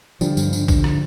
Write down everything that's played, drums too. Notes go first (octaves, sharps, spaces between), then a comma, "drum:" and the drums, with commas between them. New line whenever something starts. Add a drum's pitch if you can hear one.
D3 F3 G3, drum: tambourine
G2, drum: tambourine
D3, drum: tambourine
D3, drum: kick A#1, tambourine
drum: rim click